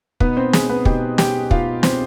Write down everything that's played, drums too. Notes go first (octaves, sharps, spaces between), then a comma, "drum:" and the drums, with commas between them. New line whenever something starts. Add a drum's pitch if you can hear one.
B2 B3 D#4 B4, drum: kick
C4 C5
G#4, drum: snare
B3 B4
B2 B3 D#4 G4 G5, drum: kick
G4 G5, drum: snare
B2 B3 D#4 F4 F5, drum: kick
C4 C5, drum: snare